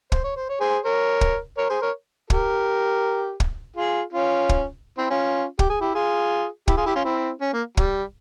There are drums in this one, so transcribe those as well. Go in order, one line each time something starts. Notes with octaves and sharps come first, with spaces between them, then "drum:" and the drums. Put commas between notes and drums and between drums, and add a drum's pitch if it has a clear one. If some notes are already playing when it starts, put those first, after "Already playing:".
C5, drum: kick
C#5
C5
C#5
G#4 C5
A#4 C#5
drum: kick
A#4 C#5
G#4 C5
A#4 C#5
G4 A#4, drum: kick
drum: kick
F4 G#4
C#4 F4
drum: kick
C4 E4
C#4 F4
G4, drum: kick
G#4
E4 G4
F4 G#4
E4 G4, drum: kick
F4 G#4
E4 G4
C#4 F4
C4 E4
C#4
A#3
G3, drum: kick